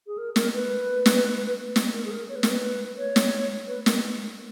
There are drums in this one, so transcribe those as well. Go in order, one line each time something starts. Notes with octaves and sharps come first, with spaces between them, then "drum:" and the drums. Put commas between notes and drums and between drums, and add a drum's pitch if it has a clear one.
G#4
A#4
A#4, drum: snare
B4
drum: snare
drum: snare
A#4
G#4
A#4
C#5
B4
A#4, drum: snare
B4
C#5
drum: snare
B4
A#4, drum: snare